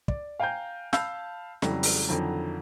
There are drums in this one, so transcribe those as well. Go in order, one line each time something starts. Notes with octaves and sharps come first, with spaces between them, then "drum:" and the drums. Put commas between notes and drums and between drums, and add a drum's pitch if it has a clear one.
D5, drum: kick
F5 G5 G#5 A#5 G6
F5 A5 B5 E6 G6, drum: snare
F2 C#3 E3 F#3 G3 A3, drum: snare
drum: open hi-hat
F2 D3 D#3 F3 F#3